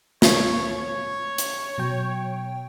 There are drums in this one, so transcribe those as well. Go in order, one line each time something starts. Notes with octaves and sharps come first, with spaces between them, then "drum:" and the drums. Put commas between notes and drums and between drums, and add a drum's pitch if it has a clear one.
C#5, drum: snare
C#5
drum: hi-hat
B2 F#3 G5